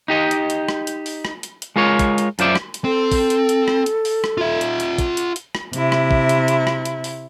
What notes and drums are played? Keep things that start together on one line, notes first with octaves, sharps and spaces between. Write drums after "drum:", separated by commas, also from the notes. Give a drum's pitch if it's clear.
D#4 G4 D#5
drum: hi-hat
drum: hi-hat
drum: rim click
drum: hi-hat
drum: open hi-hat
drum: rim click
drum: hi-hat
drum: hi-hat
G#3 F4 A#4 C#5
drum: kick, hi-hat
drum: hi-hat
F#2 F4 C5 D5 E5, drum: hi-hat
drum: rim click
drum: hi-hat
C4 A4
drum: kick, open hi-hat
drum: hi-hat
drum: hi-hat
drum: rim click
drum: hi-hat
drum: open hi-hat
drum: rim click
F4 E5
drum: hi-hat
drum: hi-hat
drum: kick, hi-hat
drum: hi-hat
drum: hi-hat
drum: rim click
C3 E4, drum: hi-hat
drum: rim click
drum: kick
drum: hi-hat
drum: hi-hat
drum: rim click
drum: hi-hat
drum: open hi-hat